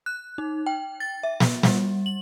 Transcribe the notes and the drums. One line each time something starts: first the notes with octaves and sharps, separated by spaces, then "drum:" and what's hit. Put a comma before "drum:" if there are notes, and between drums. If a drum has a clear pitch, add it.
F#6
D#4
G5
A6
E5
drum: snare
G3, drum: snare
F#7